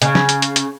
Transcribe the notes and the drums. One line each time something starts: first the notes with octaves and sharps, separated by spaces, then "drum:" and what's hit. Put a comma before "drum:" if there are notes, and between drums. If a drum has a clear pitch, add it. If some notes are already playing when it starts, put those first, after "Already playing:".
C#3, drum: hi-hat
drum: snare
drum: hi-hat
drum: hi-hat
drum: hi-hat